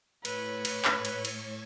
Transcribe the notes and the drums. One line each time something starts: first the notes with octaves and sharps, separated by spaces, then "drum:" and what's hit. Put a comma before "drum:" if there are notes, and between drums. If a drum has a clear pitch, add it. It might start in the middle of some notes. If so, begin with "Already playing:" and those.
A2 B4 C#5, drum: cymbal
drum: cymbal
drum: clap
drum: cymbal
drum: cymbal